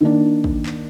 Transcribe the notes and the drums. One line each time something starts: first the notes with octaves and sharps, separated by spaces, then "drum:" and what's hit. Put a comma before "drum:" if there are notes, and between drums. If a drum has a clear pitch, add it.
D#3 A#3 D4
drum: kick
drum: clap